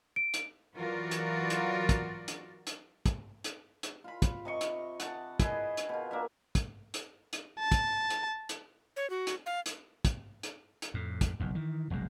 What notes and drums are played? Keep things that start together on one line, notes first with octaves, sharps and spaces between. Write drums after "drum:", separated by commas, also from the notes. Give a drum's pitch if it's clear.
D7
drum: hi-hat
E3 F#3 F4 F#4 A#4 D5
drum: hi-hat
drum: hi-hat
drum: kick, hi-hat
drum: hi-hat
drum: hi-hat
drum: kick, hi-hat
drum: hi-hat
drum: hi-hat
F4 B5
drum: kick, hi-hat
C3 D#5 C#6
drum: hi-hat
F#5 A5, drum: hi-hat
E4 G#4 B4 D#5, drum: kick, hi-hat
drum: hi-hat
B2 F4
A#3 D4 E5
drum: kick, hi-hat
drum: hi-hat
drum: hi-hat
A5
drum: kick, hi-hat
drum: hi-hat
drum: hi-hat
C#5
F#4
drum: hi-hat
F5
drum: hi-hat
drum: kick, hi-hat
drum: hi-hat
drum: hi-hat
F2 A2
drum: kick, hi-hat
F#1 B1 E2
D#3 E3
F1 B1 F#2 G#3